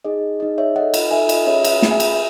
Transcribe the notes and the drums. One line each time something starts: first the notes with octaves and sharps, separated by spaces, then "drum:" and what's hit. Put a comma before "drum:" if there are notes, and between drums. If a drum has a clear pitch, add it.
D#4 G#4 D#5
D#4 G#4 D#5
C#5 E5
D#4 A4 D#5 F#5
drum: cymbal
D#4 A4 E5 G#5
D#5, drum: cymbal
C#4 G#4 C#5 E5
drum: cymbal
C#4 G#4, drum: snare
E5 G#5
drum: cymbal